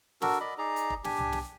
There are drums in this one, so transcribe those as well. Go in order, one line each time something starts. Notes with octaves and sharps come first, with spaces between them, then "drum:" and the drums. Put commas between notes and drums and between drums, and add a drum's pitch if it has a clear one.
D4 F#4 A4 A#4, drum: snare
D5 D#5 B5
D#4 G#4 D5 A#5
drum: hi-hat
drum: kick
D4 G4 G#5, drum: snare
drum: tom C2
drum: snare